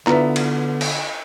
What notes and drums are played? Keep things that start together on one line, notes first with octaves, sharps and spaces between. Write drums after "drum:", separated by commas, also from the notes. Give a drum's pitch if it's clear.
D3 B3 D4 E4 F4 B4 E5, drum: clap
drum: cymbal
drum: cymbal